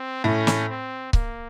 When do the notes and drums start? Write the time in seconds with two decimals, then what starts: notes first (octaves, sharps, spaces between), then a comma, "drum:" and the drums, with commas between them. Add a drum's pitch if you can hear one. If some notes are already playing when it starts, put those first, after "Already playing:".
Already playing: C4
0.24 A2 A3 C#4
0.47 drum: snare
0.69 C4
1.13 A#3, drum: kick C#1